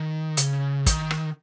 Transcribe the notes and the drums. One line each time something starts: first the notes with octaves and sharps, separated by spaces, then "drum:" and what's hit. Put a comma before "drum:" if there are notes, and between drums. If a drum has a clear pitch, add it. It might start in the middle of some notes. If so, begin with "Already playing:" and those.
Already playing: D#3
C#3, drum: hi-hat
D#3, drum: kick, hi-hat
drum: rim click